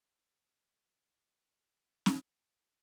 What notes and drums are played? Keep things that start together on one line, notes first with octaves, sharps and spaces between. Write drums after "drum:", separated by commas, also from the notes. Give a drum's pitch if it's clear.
D5
G4 G#4 C#5 E5 F5
G#2 B2 D3 F3 A#3
F#2 G#4 B4 G5 A#5 D#6
A4 C#5 G#5 A5
drum: snare
G3 C4 E4